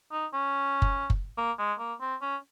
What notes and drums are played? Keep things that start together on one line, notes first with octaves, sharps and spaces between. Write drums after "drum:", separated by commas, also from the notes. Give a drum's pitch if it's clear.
D#4
C#4
drum: kick F#1
drum: kick F#1
A#3
G#3
A#3
C4
C#4